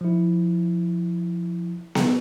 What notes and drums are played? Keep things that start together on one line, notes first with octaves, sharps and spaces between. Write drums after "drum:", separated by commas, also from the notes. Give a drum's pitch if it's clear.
F3 E4
drum: snare B3